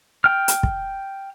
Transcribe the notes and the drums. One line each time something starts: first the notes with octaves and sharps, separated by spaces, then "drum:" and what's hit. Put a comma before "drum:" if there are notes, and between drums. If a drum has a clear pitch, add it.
G5 F6
drum: hi-hat
drum: kick